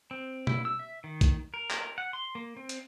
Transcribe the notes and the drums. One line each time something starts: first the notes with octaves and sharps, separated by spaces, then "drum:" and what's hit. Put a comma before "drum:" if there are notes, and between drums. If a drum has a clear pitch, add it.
C4
E4, drum: tom B2
E6
E5
D#3
drum: kick B1, hi-hat
A#4
drum: clap
F#5
C6
A#3
C4
drum: hi-hat